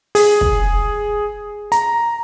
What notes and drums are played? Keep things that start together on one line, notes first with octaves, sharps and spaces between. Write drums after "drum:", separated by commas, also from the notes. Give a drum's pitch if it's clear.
G#4, drum: open hi-hat
drum: kick
A#5, drum: hi-hat